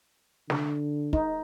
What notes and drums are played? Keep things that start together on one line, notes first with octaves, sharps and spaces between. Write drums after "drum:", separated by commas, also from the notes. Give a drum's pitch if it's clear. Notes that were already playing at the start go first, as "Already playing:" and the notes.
D3, drum: snare
D#4, drum: kick